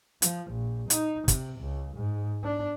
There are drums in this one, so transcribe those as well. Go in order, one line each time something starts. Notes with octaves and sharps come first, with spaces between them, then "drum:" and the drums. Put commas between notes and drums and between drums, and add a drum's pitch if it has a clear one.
F3, drum: hi-hat
A#1
D#4, drum: hi-hat
C3, drum: kick, hi-hat
C#2
G#2
D4